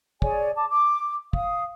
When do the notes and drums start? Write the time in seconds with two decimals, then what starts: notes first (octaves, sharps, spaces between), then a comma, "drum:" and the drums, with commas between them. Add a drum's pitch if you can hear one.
0.22 G#4 C#5 D5 G#5, drum: kick
0.56 A5 D6
0.70 D6
1.33 F5 D#6, drum: kick